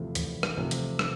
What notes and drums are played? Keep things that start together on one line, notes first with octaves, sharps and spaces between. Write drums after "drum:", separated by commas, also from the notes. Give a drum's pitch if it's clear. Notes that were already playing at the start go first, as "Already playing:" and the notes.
Already playing: E2 C3 F3 A3
E2, drum: hi-hat
drum: rim click
C3 F3 A3
drum: hi-hat
drum: rim click